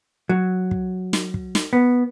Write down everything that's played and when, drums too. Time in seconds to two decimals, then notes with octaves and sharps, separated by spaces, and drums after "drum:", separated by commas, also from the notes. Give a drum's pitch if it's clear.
0.29 F#3
0.71 drum: kick
1.13 drum: snare
1.34 drum: kick
1.55 drum: snare
1.73 B3